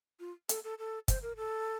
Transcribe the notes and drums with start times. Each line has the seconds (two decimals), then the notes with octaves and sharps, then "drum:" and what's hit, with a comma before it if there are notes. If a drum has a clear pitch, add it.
0.20 F4
0.49 A4, drum: hi-hat
0.64 A4
0.79 A4
1.08 C5, drum: kick, hi-hat
1.22 A#4
1.37 A4